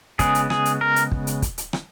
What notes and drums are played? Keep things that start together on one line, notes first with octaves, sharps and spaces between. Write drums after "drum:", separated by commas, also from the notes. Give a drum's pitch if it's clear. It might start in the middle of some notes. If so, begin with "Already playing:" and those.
C#3 G#3 B3 G#4, drum: kick, hi-hat
drum: hi-hat
G#4, drum: rim click
drum: hi-hat
A#4
drum: hi-hat
drum: kick
drum: hi-hat
drum: kick, hi-hat
drum: hi-hat
drum: rim click